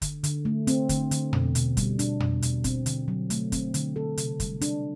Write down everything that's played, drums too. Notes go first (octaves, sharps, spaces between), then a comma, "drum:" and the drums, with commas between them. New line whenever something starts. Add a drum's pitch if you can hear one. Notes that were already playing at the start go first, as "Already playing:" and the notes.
D3, drum: kick, hi-hat
D3, drum: hi-hat
A3
C4, drum: hi-hat
D3, drum: kick, hi-hat
D3, drum: hi-hat
B2, drum: tom
B2, drum: hi-hat
G3, drum: kick, hi-hat
D4, drum: hi-hat
B2, drum: tom
B2, drum: hi-hat
C4, drum: kick, hi-hat
D3, drum: hi-hat
F#3
A3, drum: hi-hat
C4, drum: kick, hi-hat
D3, drum: hi-hat
A4
C3, drum: hi-hat
G3, drum: kick, hi-hat
D4, drum: hi-hat